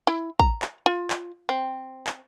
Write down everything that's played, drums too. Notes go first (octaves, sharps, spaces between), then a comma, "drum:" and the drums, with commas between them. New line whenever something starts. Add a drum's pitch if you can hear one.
E4
A#5, drum: kick
drum: clap
F4
drum: clap
C4
drum: clap